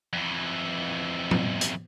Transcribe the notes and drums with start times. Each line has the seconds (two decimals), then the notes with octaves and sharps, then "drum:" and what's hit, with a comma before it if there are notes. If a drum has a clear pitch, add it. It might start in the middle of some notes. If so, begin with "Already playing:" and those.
0.13 F2 E3
1.31 drum: tom
1.61 drum: hi-hat